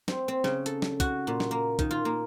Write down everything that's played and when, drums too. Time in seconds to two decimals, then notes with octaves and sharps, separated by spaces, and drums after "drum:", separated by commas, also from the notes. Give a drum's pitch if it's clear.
0.08 C4, drum: snare
0.28 C4
0.44 C#3, drum: snare
0.66 A4, drum: hi-hat
0.82 drum: snare
1.00 F#4, drum: kick, hi-hat
1.27 A#2
1.40 drum: snare
1.51 A#3
1.79 D#3, drum: kick, hi-hat
1.91 F4
2.05 A#3